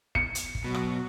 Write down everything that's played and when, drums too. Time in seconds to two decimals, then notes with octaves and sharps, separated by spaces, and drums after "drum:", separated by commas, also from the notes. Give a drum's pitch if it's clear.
0.15 C#7, drum: kick G1
0.35 drum: hi-hat
0.55 drum: kick G1
0.64 B2 F#3 F#4
0.74 drum: rim click